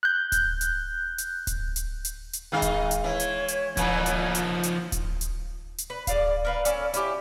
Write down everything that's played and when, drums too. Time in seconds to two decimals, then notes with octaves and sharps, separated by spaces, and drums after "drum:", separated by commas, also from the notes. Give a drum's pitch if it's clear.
0.03 F#6 G6
0.32 drum: kick D1, hi-hat
0.61 drum: hi-hat
1.18 drum: hi-hat
1.47 drum: kick D1, hi-hat
1.76 drum: hi-hat
2.05 drum: hi-hat
2.33 drum: hi-hat
2.52 D#3 G#3 D#4 F5
2.62 drum: kick D1, hi-hat
2.91 drum: hi-hat
3.04 E3 C#5
3.20 drum: hi-hat
3.48 drum: hi-hat
3.77 A#2 E3 F3 D#4, drum: kick D1, hi-hat
4.06 drum: hi-hat
4.35 drum: hi-hat
4.63 drum: hi-hat
4.92 drum: kick D1, hi-hat
5.21 drum: hi-hat
5.78 drum: hi-hat
5.90 B4
6.07 G#4 D5 F5, drum: kick D1, hi-hat
6.45 A#4 B4 F5
6.65 C#4 A4 D5, drum: hi-hat
6.94 C#4 E4 G4, drum: hi-hat